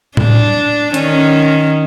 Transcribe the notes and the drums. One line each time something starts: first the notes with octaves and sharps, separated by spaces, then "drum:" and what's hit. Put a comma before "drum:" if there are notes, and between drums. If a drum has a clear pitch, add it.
D4, drum: tom A2
D#3 C#4, drum: hi-hat